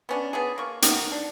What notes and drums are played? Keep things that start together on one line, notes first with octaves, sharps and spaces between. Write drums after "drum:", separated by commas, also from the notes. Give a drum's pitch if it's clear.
B3 C#4 D4
B3 D4 G#4
A#3 C#6
D#3 F#5, drum: hi-hat
D4